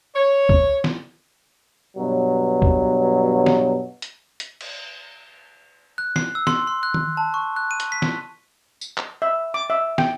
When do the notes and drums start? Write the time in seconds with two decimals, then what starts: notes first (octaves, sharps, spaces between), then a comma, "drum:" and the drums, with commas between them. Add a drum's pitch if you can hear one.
0.15 C#5
0.49 drum: kick C#2
0.84 drum: snare
1.97 G2 B2 F#3
2.62 drum: kick C#2
3.46 drum: snare
4.02 drum: hi-hat
4.40 drum: hi-hat
4.61 drum: cymbal
5.98 F#6
6.16 C7, drum: snare
6.35 E6
6.47 C6, drum: snare
6.67 C6
6.83 F#6
6.94 drum: tom D#3
7.17 A5
7.34 C#6
7.56 F#6
7.71 D#7
7.80 drum: hi-hat
7.92 B6
8.02 drum: snare
8.81 drum: tambourine
8.97 drum: clap
9.22 E5
9.54 D6
9.70 E5
9.98 G5, drum: snare